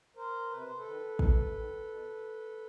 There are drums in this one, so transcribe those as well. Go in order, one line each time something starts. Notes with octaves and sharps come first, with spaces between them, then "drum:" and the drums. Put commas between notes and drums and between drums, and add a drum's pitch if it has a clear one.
A#4 C5
C3 B4
C5
A4 B4
D#3
C3, drum: kick
D#3
B2